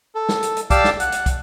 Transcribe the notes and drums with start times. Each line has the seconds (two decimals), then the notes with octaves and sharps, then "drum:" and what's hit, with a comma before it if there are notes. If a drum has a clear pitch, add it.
0.15 A4
0.29 drum: snare
0.43 drum: hi-hat
0.56 drum: hi-hat
0.70 G4 D5 F5 A5 D6 E6, drum: kick, hi-hat
0.84 drum: snare
1.00 F#5, drum: hi-hat
1.12 drum: hi-hat
1.26 drum: kick, hi-hat